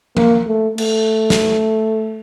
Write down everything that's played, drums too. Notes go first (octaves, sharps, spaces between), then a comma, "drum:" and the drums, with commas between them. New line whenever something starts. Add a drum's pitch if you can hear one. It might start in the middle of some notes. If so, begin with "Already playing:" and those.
A#3, drum: tom F3
A3
A3, drum: cymbal
drum: snare